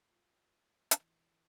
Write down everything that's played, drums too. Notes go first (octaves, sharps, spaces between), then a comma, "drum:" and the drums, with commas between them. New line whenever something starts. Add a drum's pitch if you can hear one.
F4
E3, drum: hi-hat